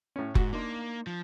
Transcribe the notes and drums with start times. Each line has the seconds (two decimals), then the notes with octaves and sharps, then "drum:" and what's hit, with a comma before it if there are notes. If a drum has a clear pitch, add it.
0.16 A2 C#4
0.35 G#2 F#4, drum: kick F1
0.53 A#3 D4 D#4 C6
1.07 F3